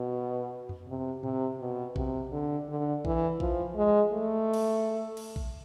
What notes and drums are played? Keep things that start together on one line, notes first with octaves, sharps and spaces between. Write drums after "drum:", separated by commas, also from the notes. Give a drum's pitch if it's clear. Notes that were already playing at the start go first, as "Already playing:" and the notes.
Already playing: B2
drum: tom F2
C3
C3, drum: tom A2
B2
C3, drum: kick A#1
D3
D3
E3, drum: kick A#1
F3, drum: kick A#1
G#3
A3
drum: cymbal
drum: cymbal
drum: kick A#1